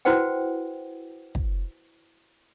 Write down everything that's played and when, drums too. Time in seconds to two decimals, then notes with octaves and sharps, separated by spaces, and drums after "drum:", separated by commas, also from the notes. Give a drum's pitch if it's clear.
0.05 E4 F#4 B4 C5 F#5 G5, drum: hi-hat
1.35 drum: kick